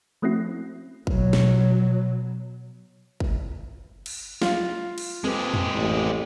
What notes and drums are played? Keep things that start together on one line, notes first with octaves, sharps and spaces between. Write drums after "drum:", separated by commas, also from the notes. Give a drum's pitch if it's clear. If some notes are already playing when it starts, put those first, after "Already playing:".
F3 A3 C4 C#4 E4 F#4
B2 F#3, drum: kick
drum: snare
drum: kick
drum: cymbal
F4 F5, drum: snare
drum: cymbal
G#3 C4 G4 A4 B4
drum: tom F2
A1